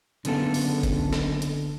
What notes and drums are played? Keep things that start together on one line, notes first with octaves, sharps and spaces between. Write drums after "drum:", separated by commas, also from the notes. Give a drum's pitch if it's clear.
F#1 D3 B3 A4, drum: hi-hat
drum: open hi-hat
drum: kick, hi-hat
drum: snare
drum: hi-hat